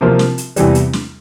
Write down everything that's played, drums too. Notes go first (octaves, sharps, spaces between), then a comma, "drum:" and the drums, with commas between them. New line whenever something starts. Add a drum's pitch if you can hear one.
C3 F3 A#3 F4
drum: snare
drum: hi-hat
E2 C3 E3 G3, drum: hi-hat
drum: hi-hat
drum: snare